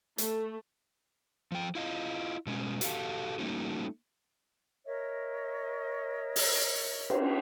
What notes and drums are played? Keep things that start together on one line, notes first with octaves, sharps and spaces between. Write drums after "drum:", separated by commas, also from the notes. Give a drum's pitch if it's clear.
A3, drum: hi-hat
F3 G5
E4 F4 D#5
B2 G#3 C#4
F#4 G4 A4 F5, drum: hi-hat
G3 A3 A#3 C#4 D#4 F#4
A#4 C#5 D#5 E5
drum: open hi-hat
drum: cymbal